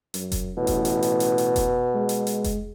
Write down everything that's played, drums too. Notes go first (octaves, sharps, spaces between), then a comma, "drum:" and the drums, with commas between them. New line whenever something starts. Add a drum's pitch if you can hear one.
F#2, drum: hi-hat
drum: kick F1, hi-hat
A1 B2
drum: kick F1, hi-hat
drum: hi-hat
drum: hi-hat
drum: hi-hat
drum: hi-hat
drum: kick F1, hi-hat
G#3
drum: hi-hat
drum: hi-hat
drum: kick F1, hi-hat